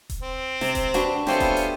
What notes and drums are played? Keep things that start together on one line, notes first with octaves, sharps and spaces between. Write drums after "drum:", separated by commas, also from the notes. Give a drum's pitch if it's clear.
drum: kick D#1, hi-hat
C4
C3, drum: snare
drum: kick D#1, hi-hat
D4 F#4 B4, drum: hi-hat
A3 C4 C#4 F4 G4 C5, drum: snare
B3, drum: kick D#1, hi-hat
drum: hi-hat